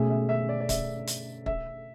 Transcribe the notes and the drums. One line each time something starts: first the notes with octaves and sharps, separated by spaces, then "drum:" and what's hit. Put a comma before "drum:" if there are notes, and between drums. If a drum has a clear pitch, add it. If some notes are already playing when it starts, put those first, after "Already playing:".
Already playing: B2 A3 C#4 G#4 E5
E5
E5
D5
D5
E5, drum: kick, hi-hat
drum: hi-hat
E5, drum: kick